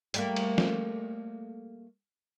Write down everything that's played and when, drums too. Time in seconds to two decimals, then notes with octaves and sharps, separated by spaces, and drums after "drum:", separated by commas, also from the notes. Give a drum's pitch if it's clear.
0.14 G3 A3 A#3, drum: hi-hat
0.36 drum: cymbal
0.58 drum: snare